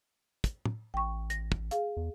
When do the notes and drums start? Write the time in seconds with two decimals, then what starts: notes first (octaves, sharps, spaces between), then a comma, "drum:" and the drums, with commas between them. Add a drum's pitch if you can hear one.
0.44 drum: kick, hi-hat
0.65 drum: tom
0.94 A1 G5 C#6
1.30 A#6, drum: hi-hat
1.52 drum: kick
1.71 G#4 F5, drum: hi-hat
1.97 E2